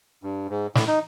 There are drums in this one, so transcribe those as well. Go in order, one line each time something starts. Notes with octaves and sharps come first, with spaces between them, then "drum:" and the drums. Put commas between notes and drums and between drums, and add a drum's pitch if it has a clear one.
G2
G#2
A2, drum: snare
D#4